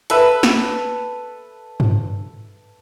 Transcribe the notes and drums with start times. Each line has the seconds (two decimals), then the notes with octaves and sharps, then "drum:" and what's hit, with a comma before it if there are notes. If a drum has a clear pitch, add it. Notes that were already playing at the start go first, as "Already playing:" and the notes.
0.10 A4 B4 E5, drum: hi-hat
0.43 drum: snare
1.80 drum: tom G2